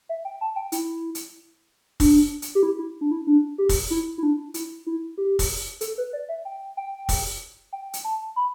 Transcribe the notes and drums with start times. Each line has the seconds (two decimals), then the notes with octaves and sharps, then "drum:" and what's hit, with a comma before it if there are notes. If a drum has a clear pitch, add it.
0.09 E5
0.25 G5
0.41 A5
0.56 G5
0.72 E4, drum: hi-hat
1.15 drum: hi-hat
2.00 D4, drum: kick, open hi-hat
2.42 drum: hi-hat
2.55 G4
2.63 E4
2.79 E4
3.01 D4
3.11 E4
3.27 D4
3.58 G4
3.69 drum: kick, open hi-hat
3.91 E4
4.18 E4
4.23 D4
4.54 E4, drum: hi-hat
4.87 E4
5.18 G4
5.39 drum: kick, open hi-hat
5.81 A4, drum: hi-hat
5.98 B4
6.13 D5
6.29 E5
6.45 G5
6.77 G5
7.09 drum: kick, open hi-hat
7.73 G5
7.93 drum: hi-hat
8.04 A5
8.36 B5